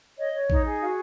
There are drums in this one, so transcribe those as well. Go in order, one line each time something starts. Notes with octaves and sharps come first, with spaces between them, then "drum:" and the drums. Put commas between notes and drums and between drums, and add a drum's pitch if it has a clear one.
C#5 D#5
C#5
D#4, drum: kick A1
G#4
F#4 F5